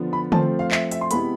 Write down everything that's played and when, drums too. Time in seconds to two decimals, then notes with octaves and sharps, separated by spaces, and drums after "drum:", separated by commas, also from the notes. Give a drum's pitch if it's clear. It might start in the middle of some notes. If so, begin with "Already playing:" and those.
Already playing: D3 F3 B3 F4
0.13 B5
0.32 F3 A3 C4 F4 A5, drum: tom D3
0.59 F5
0.71 E5, drum: clap
0.91 E5, drum: hi-hat
1.01 C6
1.11 C3 G#3 B3 E4 B5, drum: hi-hat